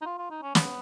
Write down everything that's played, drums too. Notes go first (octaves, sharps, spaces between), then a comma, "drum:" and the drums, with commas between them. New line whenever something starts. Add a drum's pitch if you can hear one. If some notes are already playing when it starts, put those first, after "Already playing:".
D#4
F4
F4
D#4
C#4
B3, drum: snare